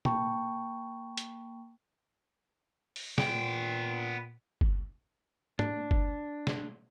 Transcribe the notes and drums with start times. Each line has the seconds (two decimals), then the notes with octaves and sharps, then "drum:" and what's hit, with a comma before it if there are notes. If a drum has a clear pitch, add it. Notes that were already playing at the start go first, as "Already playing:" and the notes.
0.05 A#3 G5 A5 B5 C#6, drum: tom A#2
1.17 drum: hi-hat
2.96 drum: open hi-hat
3.18 A#2 B3 G5, drum: snare
4.61 drum: kick G1
5.59 D4, drum: tom
5.91 drum: kick G1
6.47 drum: snare